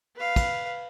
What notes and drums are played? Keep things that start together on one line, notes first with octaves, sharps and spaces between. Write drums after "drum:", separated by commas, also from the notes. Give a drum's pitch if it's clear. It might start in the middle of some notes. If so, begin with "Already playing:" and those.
B4 F5
drum: kick, cymbal